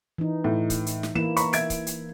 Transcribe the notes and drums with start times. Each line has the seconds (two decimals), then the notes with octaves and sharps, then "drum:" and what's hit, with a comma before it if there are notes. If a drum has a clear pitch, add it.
0.18 E3 D#4
0.44 A2
0.70 drum: kick C#1, hi-hat
0.86 drum: hi-hat
1.03 drum: snare
1.16 E3 A#3 E4 E7
1.37 A#5 B5 C#6, drum: hi-hat
1.53 E5 G#6 D7, drum: hi-hat
1.70 drum: kick C#1, hi-hat
1.87 drum: hi-hat